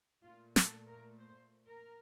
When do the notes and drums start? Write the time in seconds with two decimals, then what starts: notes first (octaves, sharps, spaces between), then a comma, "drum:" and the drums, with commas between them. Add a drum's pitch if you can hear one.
0.24 A#2 A3 F4
0.56 A4, drum: snare
0.87 A#4
1.19 C5
1.67 A#4